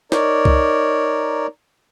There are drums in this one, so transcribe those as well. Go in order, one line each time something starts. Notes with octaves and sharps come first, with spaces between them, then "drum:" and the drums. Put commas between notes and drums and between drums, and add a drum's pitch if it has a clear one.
D#4 A#4 C#5 D5, drum: snare
drum: kick C2